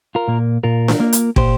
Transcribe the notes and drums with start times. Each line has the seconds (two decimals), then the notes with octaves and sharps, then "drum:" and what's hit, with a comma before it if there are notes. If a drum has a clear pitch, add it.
0.15 F4 A#4
0.28 A#2 A#3
0.64 A#2 F4 A#4
0.88 drum: snare D4
1.00 A#3
1.13 drum: hi-hat
1.36 A#2 G4 C5, drum: kick